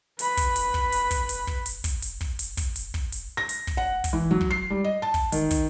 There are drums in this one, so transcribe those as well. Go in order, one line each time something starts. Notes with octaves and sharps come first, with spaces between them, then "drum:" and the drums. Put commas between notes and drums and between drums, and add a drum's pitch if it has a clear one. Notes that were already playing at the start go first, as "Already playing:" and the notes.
B4 B5, drum: hi-hat
drum: kick, hi-hat
drum: hi-hat
drum: kick, open hi-hat
drum: hi-hat
drum: kick, hi-hat
drum: hi-hat
drum: kick, open hi-hat
drum: hi-hat
drum: kick, hi-hat
drum: hi-hat
drum: kick, open hi-hat
drum: hi-hat
drum: kick, hi-hat
drum: hi-hat
drum: kick, open hi-hat
drum: hi-hat
A#6
drum: hi-hat
drum: kick, open hi-hat
F#5
drum: kick, hi-hat
E3
F#3
drum: kick
C7
G3
D#5
A5
drum: kick, open hi-hat
D#3, drum: hi-hat
drum: kick, hi-hat